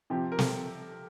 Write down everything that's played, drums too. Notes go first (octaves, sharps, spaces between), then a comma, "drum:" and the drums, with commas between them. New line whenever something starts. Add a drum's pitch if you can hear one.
C3 F3 C4 G4
A#4
A4, drum: snare